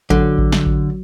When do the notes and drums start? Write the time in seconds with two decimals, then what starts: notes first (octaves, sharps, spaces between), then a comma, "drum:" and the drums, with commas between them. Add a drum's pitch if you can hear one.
0.10 D3 F#3, drum: kick A1
0.38 drum: kick A1
0.52 drum: snare
0.66 drum: kick A1